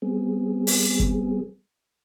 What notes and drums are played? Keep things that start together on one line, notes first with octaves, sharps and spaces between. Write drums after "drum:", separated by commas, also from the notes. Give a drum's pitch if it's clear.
G3 B3 C4 G#4
drum: open hi-hat
drum: kick